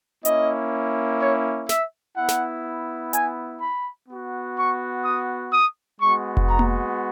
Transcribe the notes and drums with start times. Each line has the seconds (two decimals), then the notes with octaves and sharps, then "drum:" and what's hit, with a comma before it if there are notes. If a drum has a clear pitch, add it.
0.25 A#3 C#4 E4 D#5, drum: hi-hat
1.20 C#5
1.69 E5, drum: snare
2.16 B3 E4 F#5
2.28 drum: snare
3.13 G#5, drum: hi-hat
3.61 B5
4.09 B3 F#4
4.57 C#6
5.05 D#6
5.52 D#6
6.01 G#3 B3 F#4 C#6
6.37 drum: kick F1
6.49 A#5
6.59 drum: tom A#3